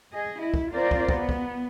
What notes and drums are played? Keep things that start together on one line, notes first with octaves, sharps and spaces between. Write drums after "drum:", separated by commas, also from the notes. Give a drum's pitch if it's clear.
G#4 D#5
E4
drum: kick
C4 F4 A#4 C5 D5
drum: kick
B3, drum: kick
drum: kick